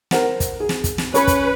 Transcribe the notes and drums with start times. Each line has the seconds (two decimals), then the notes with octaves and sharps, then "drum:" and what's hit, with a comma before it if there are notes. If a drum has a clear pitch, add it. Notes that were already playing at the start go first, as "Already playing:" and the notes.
0.11 A#4 C5 F#5, drum: snare
0.40 drum: kick, hi-hat
0.60 G#4
0.69 drum: snare
0.84 drum: kick, hi-hat
0.98 drum: snare
1.14 C#4 B4 C#5 B5 C#6, drum: hi-hat
1.27 drum: kick, hi-hat